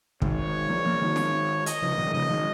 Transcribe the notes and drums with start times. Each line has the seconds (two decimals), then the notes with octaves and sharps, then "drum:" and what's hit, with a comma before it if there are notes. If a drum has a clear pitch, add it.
0.22 D#3 G#3 C#5, drum: kick
0.70 F3 A#3
0.86 F3 A#3
1.02 D#3 G#3
1.16 drum: snare
1.66 D#5, drum: hi-hat
1.82 C#3 F3
1.98 A#2 D#3
2.07 G#3
2.14 C#3 F3 D#5
2.30 D#3 G#3